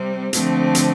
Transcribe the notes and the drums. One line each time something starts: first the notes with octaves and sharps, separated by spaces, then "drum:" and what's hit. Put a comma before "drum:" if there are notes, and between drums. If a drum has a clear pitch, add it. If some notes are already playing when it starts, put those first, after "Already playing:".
Already playing: C3 G3 C4
D3 F3 A3 C4, drum: hi-hat
drum: hi-hat